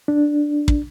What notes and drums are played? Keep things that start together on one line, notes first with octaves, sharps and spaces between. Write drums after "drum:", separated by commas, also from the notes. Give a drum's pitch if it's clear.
D4
drum: kick